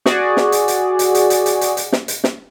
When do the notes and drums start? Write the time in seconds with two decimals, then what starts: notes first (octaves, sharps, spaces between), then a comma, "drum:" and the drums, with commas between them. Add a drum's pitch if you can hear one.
0.06 F#4 G#4 D5, drum: snare
0.37 drum: snare
0.52 drum: hi-hat
0.68 drum: hi-hat
0.99 drum: hi-hat
1.15 drum: hi-hat
1.30 drum: hi-hat
1.46 drum: hi-hat
1.61 drum: hi-hat
1.77 drum: hi-hat
1.92 drum: snare
2.08 drum: hi-hat
2.24 drum: snare